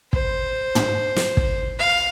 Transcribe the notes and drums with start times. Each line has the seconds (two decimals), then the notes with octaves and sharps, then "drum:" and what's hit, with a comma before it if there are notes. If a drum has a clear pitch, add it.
0.13 C5, drum: kick
0.75 drum: tom
1.16 drum: snare
1.37 drum: kick
1.79 F5